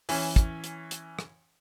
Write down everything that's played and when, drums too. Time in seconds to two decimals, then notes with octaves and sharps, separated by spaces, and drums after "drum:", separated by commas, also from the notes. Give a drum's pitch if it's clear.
0.09 E3 C#4, drum: open hi-hat
0.36 drum: kick, hi-hat
0.64 drum: hi-hat
0.91 drum: hi-hat
1.19 drum: rim click